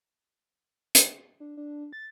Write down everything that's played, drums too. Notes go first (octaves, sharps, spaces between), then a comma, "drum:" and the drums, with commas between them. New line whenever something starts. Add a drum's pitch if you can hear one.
drum: hi-hat
D4
D4
A6